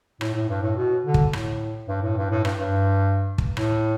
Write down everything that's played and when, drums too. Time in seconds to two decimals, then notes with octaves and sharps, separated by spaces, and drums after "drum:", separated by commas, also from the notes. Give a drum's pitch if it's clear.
0.21 A2, drum: rim click
0.35 A2
0.49 G2
0.63 A2
0.77 B2
1.05 D3
1.14 drum: kick
1.33 A2, drum: rim click
1.88 G2
2.03 A2
2.17 G2
2.31 A2
2.45 G2, drum: rim click
2.59 G2
3.38 drum: kick
3.57 A2, drum: rim click